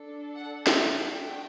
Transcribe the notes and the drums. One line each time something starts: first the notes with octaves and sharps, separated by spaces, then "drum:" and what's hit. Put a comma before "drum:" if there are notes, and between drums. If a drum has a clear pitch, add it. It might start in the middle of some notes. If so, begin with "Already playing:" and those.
Already playing: D4 A4
F#5
E5, drum: snare
A3 D4 F#4 A4 G5